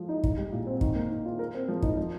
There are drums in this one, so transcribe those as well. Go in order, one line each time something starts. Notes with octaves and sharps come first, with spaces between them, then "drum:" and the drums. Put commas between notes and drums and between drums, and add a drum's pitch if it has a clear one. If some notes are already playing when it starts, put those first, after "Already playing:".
Already playing: F3
D#4
D#4, drum: kick
G3
A#2
C4
D#3, drum: kick
A#3
D#3
F4
A#4
C4
F3
D#4, drum: kick
F3